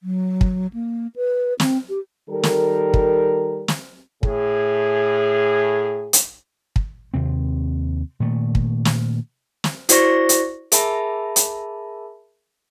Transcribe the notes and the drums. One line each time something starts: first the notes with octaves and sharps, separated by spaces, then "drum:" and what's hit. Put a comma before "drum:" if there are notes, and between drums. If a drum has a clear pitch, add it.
F#3
drum: kick
A#3
B4
C4, drum: snare
G4
D#3 G3 A4 A#4
drum: snare
drum: kick
drum: snare
A2 G#4, drum: kick
drum: hi-hat
drum: kick
D#2 C3 C4
A#2 D#3 A3
drum: kick
drum: snare
drum: snare
E4 F#4 C5 D5 C#6 A#6, drum: hi-hat
drum: hi-hat
G#4 A#4 E5 A5 B5, drum: hi-hat
drum: hi-hat